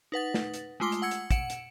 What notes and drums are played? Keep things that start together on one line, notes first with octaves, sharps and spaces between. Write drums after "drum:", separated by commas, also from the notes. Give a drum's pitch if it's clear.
D#4 B4 F#5 A6
drum: snare
drum: hi-hat
G#3 A3 F4 C6 D6 G7
drum: hi-hat
F#5 E6 G#6 C#7
drum: hi-hat
F#5 C#7 D7 E7, drum: kick, hi-hat
drum: hi-hat